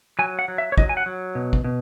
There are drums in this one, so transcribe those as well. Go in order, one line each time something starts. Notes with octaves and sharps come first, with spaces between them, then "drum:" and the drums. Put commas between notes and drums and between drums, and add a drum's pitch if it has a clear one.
F#3 G#5
F#5
F#3
E5
C#5
F#3 D#5, drum: kick
G#5
F#5
F#3
B2
drum: kick
B2